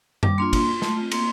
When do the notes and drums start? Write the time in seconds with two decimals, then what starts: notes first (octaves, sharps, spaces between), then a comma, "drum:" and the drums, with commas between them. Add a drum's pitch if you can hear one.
0.23 G3 D6, drum: tom F#2
0.38 A#3 D4 F4 C6
0.53 A#3, drum: kick, cymbal
0.67 F4
0.82 A3, drum: snare
0.97 C4 F4
1.11 A#3 C6, drum: cymbal